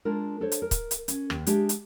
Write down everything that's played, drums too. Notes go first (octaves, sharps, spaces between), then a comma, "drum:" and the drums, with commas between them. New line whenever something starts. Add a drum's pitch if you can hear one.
G#3 D4 F4 A#4
D4 A4 C5 C#5
drum: hi-hat
A#4
drum: kick, hi-hat
drum: hi-hat
C#4, drum: hi-hat
D#2, drum: rim click
G#3 D4 G4 E5, drum: hi-hat
drum: hi-hat